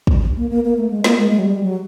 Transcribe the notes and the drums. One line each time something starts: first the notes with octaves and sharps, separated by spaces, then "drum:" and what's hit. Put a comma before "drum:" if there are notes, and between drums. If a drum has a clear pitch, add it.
drum: kick
A#3
A#3
A#3
A3
G#3
A#3, drum: snare
G#3
G#3
F#3
G3
F#3